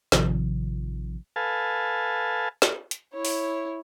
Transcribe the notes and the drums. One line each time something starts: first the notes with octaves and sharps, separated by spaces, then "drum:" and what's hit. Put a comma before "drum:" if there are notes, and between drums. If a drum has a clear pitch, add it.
A1 C3 D#3 F3, drum: snare
A4 B4 F5 G#5 A5
drum: snare
drum: hi-hat
E4 C#5
drum: open hi-hat